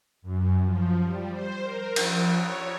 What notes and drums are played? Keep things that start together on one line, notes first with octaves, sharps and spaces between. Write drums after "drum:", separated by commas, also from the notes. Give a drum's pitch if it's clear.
F#2
F3
G3
C5
A#4
F3, drum: cymbal
C#5